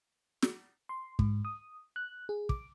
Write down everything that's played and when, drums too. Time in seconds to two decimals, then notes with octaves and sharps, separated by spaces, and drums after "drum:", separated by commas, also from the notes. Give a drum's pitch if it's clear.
0.42 drum: snare
0.89 C6
1.19 G#2, drum: kick
1.45 D#6
1.96 F#6
2.29 G#4
2.49 D6, drum: kick